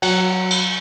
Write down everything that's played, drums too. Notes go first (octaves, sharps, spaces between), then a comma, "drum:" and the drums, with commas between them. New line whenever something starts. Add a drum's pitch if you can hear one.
F#3, drum: cymbal
drum: cymbal